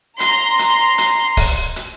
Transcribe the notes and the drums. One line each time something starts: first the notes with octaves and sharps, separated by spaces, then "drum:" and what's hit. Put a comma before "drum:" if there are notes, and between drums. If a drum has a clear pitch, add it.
A#5 C6, drum: hi-hat
drum: hi-hat
drum: hi-hat
drum: kick, open hi-hat
drum: hi-hat